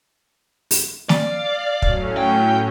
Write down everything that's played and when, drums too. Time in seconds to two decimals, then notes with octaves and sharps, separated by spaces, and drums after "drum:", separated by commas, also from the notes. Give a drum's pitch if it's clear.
0.71 drum: open hi-hat
1.09 D5 F5, drum: snare
1.82 A2 F#3 C#4, drum: kick
2.17 G5